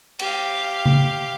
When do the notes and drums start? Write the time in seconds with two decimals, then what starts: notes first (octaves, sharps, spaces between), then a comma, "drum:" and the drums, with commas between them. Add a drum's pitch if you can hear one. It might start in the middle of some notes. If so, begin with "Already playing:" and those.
0.19 G4 F5, drum: cymbal
0.86 drum: tom C#3